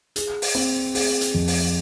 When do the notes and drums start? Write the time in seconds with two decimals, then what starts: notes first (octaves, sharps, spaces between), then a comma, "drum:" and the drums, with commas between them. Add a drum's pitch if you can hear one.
0.16 G#4, drum: hi-hat
0.42 drum: open hi-hat
0.55 C4
0.95 G#4, drum: open hi-hat
1.21 drum: hi-hat
1.34 F2
1.48 drum: open hi-hat